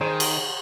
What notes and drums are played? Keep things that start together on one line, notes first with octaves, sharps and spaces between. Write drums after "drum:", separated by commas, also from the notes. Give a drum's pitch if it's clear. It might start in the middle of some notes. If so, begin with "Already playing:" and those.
D#3 G#4 C5
drum: cymbal